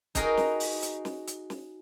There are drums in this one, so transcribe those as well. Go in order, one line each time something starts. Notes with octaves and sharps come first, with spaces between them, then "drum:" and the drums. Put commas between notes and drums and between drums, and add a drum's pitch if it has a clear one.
D#4 F#4 G#4 A#4 B4 G5, drum: kick, hi-hat
drum: snare
drum: open hi-hat
drum: hi-hat
drum: snare
drum: hi-hat
drum: snare